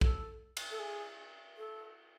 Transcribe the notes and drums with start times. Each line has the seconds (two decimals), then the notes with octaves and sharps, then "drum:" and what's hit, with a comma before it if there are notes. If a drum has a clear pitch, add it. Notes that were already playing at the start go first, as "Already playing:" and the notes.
0.01 A4, drum: kick
0.57 drum: cymbal
0.71 A4
0.79 G#4
1.57 A4